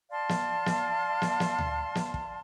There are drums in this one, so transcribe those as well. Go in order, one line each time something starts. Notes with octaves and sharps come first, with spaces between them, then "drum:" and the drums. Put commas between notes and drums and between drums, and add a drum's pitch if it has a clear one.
D5 F5 A5 C6
drum: snare
drum: snare
drum: snare
drum: snare
drum: tom D2
drum: snare
drum: kick